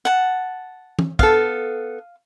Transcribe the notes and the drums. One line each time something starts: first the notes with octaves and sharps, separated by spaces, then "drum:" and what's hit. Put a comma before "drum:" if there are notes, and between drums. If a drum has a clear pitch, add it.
F#5 A5
drum: tom
B3 A4 F5, drum: kick